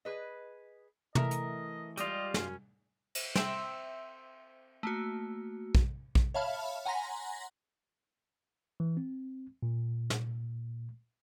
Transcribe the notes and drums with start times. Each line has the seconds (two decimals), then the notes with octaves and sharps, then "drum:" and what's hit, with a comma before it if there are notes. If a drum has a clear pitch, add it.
0.05 G#4 B4 D#5
1.15 E3 A3 A#4 D#5 E5 A#5, drum: tom
1.31 drum: hi-hat
1.97 G3 G#3 F4 G4 D5 D#5, drum: hi-hat
2.34 F#2 C#4, drum: snare
3.15 drum: cymbal
3.36 C4 E5 G5, drum: snare
4.83 A3 A#3 F#4
5.75 drum: kick
6.15 drum: kick
6.34 C#5 E5 F5 A5 B5 F6
6.86 F#5 G#5 A#5 C6 A#6 B6
8.80 E3
8.97 C4
9.63 A#2
10.10 drum: snare